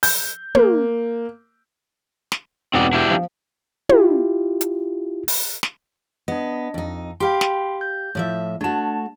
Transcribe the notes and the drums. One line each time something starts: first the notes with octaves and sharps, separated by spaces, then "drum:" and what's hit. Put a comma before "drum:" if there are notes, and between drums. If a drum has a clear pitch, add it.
G6, drum: open hi-hat
A#3, drum: tom
drum: snare
E1 C4 D#4 D5 F#5
D4 E4 G4
F3
E4 F4 G4, drum: tom
drum: hi-hat
drum: open hi-hat
drum: snare
B3 D4 D#5
F2 D#4
G4 F5 G5 B5 C6
drum: snare
G6
A2 F3 E5
A3 D4 F#4 A5